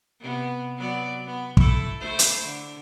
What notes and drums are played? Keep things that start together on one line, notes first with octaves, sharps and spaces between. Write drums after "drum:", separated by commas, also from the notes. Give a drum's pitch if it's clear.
C3 B3
F#3 B3 D5
B3
A3 E4 A4, drum: kick
A3 E4 C5
drum: hi-hat
D3